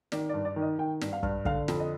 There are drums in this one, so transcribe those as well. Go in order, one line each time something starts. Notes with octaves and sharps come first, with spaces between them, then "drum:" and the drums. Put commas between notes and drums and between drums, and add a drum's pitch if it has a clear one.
D#3 D5, drum: snare
D5
G2
D5
D#3
D#5
D#3 G5
G2, drum: snare
F5
G2, drum: kick
D3 F5, drum: kick
F2, drum: snare
D#5